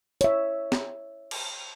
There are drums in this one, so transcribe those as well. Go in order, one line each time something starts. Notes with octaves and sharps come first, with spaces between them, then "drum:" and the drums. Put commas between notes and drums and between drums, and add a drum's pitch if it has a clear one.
C#5 E5, drum: hi-hat
drum: snare
drum: cymbal